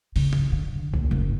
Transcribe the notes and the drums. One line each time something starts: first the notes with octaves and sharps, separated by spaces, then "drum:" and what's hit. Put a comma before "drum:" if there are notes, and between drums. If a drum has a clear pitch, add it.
C#3, drum: open hi-hat
drum: tom
D3
D#2, drum: kick C2
F#1